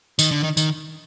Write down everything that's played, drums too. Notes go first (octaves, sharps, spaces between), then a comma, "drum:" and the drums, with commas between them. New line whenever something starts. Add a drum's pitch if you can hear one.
D#3, drum: tambourine
D3
D#3
D#3, drum: tambourine